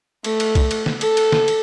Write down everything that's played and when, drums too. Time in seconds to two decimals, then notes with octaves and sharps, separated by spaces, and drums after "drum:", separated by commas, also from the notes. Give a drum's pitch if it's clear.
0.24 A3, drum: cymbal
0.40 drum: cymbal
0.55 drum: kick, cymbal
0.71 drum: cymbal
0.86 drum: snare
1.01 A4, drum: cymbal
1.17 drum: cymbal
1.32 drum: snare
1.48 drum: cymbal